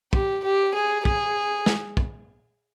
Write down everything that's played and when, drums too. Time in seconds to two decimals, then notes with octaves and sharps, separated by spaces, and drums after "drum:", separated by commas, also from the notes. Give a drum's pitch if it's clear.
0.13 G4, drum: kick
0.44 G4
0.74 G#4
1.05 G#4, drum: kick
1.66 drum: snare
1.97 drum: kick